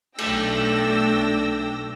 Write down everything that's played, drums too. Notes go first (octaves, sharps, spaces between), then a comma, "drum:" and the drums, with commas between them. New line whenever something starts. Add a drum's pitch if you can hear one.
B1 A3 D4 G5 E6 A#6, drum: cymbal